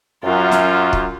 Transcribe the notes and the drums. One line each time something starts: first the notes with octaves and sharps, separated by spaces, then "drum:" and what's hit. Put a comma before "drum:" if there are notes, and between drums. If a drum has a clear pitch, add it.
F#2 F4
drum: snare
drum: kick